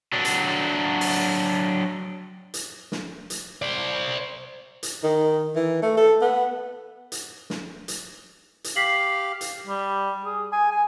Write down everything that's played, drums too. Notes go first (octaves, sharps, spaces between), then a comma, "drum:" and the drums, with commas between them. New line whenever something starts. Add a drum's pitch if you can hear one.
F#3 D4
drum: hi-hat
drum: open hi-hat
drum: hi-hat
drum: snare
drum: hi-hat
C5 D5
drum: hi-hat
D#3
E3
A3
A4
B3
drum: hi-hat
drum: snare
drum: hi-hat
drum: hi-hat
G4 F5 B6 C7 F#7
drum: hi-hat
G3
G#4
G#5
G#5